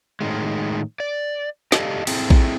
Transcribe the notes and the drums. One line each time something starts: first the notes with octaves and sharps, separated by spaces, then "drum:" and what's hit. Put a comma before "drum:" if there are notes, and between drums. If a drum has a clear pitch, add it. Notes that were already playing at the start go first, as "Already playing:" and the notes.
A2 D#3 G#3
D5
G4 A4 D5 D#5 F5 A5, drum: snare
C4 E4 G#4 A4, drum: cymbal
drum: kick A#1